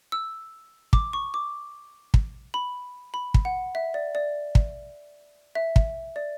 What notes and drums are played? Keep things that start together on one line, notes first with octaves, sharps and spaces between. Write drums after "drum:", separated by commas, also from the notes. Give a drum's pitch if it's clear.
E6
D6, drum: kick
C#6
D6
drum: kick
B5
B5
drum: kick
F#5
E5
D5
D5
drum: kick
E5
drum: kick
D5